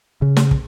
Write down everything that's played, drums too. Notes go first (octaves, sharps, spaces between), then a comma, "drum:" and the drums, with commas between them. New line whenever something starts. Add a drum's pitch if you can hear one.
C#3
drum: snare
drum: kick